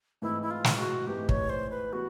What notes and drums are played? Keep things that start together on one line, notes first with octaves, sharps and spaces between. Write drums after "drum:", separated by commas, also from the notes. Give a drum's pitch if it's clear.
G#2 E3 A3 C4 D#4 E4
E4
F4
drum: snare
F#4
G#2 E3 A3 C4 D#4 G4
C#5, drum: kick
C5
B4
E3 G3 B3 F#4